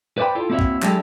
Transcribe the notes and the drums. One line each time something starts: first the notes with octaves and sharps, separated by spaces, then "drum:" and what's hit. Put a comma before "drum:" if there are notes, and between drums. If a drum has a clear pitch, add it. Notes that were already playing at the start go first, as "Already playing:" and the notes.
B4 C5 D5 F#5 G5 B5
E4 F4 A4
A#3 C4 E4 F#4 C#5 E5
drum: kick A1
F#3 G#3 D4 E4 G4 A4, drum: clap